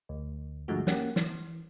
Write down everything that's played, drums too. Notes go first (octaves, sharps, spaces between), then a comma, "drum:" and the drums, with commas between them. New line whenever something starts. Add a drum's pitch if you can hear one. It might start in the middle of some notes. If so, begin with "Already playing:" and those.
D2
G2 D3 F3 G#3 A3 F#4
A#3 C#4 G4 F#5 G5, drum: snare
E3, drum: snare